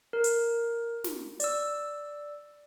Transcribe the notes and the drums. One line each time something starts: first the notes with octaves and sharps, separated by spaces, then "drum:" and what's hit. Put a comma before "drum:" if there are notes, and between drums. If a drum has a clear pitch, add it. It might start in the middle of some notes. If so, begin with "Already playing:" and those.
A#4
drum: hi-hat
drum: snare
D5 E6, drum: hi-hat